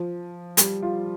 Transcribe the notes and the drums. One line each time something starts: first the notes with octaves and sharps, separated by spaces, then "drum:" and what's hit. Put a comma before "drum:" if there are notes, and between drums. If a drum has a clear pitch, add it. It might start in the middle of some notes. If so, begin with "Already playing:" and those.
Already playing: F3
G3, drum: hi-hat
F4